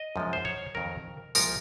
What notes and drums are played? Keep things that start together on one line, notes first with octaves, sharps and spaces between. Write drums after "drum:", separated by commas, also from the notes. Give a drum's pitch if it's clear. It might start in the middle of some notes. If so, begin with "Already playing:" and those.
Already playing: D#5
F#2 F3 G#3
C5
C#5
F2 D#3 F#3 A#4
C2 A#2 F3 G#3 A#4, drum: tambourine